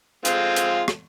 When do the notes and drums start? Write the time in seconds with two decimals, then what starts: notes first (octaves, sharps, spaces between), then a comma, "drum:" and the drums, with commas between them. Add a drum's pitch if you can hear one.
0.25 G#3 C4 F4, drum: hi-hat
0.56 drum: hi-hat
0.88 drum: rim click